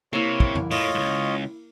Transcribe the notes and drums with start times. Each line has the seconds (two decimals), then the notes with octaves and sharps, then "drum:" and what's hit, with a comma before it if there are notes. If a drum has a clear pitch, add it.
0.13 C3 A#3 E4 C#5
0.40 drum: kick
0.55 drum: tom F2
0.71 A2 F4 C#5 D#5, drum: open hi-hat
0.95 C#2 G#2